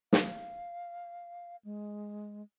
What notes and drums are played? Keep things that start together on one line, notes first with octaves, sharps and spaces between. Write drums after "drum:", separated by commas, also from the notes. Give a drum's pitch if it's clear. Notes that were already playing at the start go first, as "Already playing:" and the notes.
F5, drum: snare
G#3